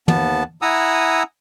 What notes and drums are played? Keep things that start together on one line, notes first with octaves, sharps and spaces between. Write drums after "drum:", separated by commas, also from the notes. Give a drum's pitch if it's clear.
D#2 B3 A5, drum: tom
E4 F#5 G#5 A#5 D#6 E6